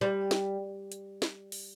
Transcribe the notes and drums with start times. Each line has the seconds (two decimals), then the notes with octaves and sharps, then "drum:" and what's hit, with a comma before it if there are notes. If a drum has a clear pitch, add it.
0.01 G3
0.31 drum: snare
0.92 drum: hi-hat
1.22 drum: snare
1.52 drum: open hi-hat